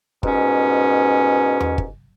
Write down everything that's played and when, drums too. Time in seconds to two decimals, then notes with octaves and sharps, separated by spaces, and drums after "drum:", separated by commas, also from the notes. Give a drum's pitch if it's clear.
0.23 C2 G#2 B2 C#4, drum: kick
1.60 drum: tom E2
1.78 drum: kick